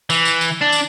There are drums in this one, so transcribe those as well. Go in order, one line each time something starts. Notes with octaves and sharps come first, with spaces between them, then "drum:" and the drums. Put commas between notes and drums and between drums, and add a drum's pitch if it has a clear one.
E3, drum: tambourine
drum: tambourine
drum: tambourine
D4
drum: tambourine